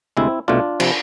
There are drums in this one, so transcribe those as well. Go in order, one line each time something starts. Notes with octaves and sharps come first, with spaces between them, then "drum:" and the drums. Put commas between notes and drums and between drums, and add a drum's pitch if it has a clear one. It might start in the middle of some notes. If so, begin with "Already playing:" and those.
D2 C3 G#3 C4 E4
C2 B2 A3 D4 F4
C3 F3, drum: cymbal